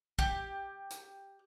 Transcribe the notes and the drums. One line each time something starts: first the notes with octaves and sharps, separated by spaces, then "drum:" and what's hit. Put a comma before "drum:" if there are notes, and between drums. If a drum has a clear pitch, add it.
G4, drum: kick
drum: hi-hat